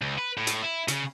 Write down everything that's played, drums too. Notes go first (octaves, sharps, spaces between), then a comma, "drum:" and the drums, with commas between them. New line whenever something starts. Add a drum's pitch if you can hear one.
C#2
B4
A2
drum: hi-hat
E4
C#3, drum: hi-hat